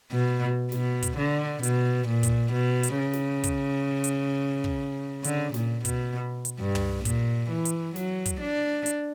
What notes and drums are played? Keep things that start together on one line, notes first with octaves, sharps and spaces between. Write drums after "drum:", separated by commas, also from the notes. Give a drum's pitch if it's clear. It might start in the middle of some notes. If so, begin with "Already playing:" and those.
B2
B2, drum: snare
drum: kick, hi-hat
D3
B2, drum: hi-hat
A#2
drum: kick, hi-hat
B2
drum: hi-hat
C#3
drum: snare
drum: kick, hi-hat
drum: hi-hat
drum: kick
D3, drum: hi-hat
A#2, drum: snare
B2, drum: kick, hi-hat
drum: hi-hat
G2
drum: tom
A#2, drum: kick, hi-hat
E3
drum: hi-hat
F#3, drum: snare
drum: kick, hi-hat
D4
drum: hi-hat